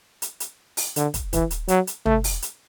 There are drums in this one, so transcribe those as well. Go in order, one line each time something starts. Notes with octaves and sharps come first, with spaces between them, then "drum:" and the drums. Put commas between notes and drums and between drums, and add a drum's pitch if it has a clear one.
drum: hi-hat
drum: hi-hat
drum: open hi-hat
D3, drum: hi-hat
drum: kick, hi-hat
E3, drum: kick, hi-hat
drum: hi-hat
F#3, drum: hi-hat
drum: hi-hat
A3, drum: tom
drum: open hi-hat
drum: hi-hat